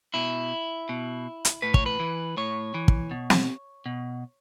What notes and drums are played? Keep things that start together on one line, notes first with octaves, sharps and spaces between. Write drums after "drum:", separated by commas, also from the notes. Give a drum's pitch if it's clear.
B2 E4
B2
drum: hi-hat
A2 B4
C#5, drum: kick
B4
E3
A2 C#5
E3
drum: kick
B2
drum: snare
B2